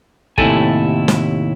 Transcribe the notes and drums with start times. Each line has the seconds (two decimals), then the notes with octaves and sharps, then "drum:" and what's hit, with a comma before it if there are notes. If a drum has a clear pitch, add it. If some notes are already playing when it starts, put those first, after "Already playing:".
0.38 D#2 A2 C3 E4 A4 G#5, drum: kick
1.08 drum: snare